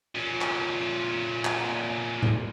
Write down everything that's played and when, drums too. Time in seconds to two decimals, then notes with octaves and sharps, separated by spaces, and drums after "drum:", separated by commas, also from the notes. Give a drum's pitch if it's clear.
0.15 A#2 C#4
0.41 drum: clap
1.45 drum: clap
2.23 drum: tom A2